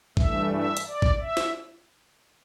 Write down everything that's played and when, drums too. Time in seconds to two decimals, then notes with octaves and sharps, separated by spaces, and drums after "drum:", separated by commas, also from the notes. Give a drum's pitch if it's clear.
0.17 G2 E3 A3 E5, drum: kick A1
0.52 E5
0.77 drum: hi-hat
0.87 D5
1.02 drum: kick A1
1.21 E5
1.37 drum: snare